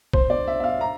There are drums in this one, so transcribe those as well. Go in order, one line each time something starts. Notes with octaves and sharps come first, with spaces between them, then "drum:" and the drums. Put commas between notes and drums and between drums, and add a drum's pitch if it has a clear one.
C5, drum: kick B1
D5
E5
E5
F5
A#5